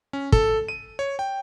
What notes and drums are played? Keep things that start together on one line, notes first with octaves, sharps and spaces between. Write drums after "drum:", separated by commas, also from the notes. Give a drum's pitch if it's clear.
C#4
A4, drum: kick
D#7
C#5
G5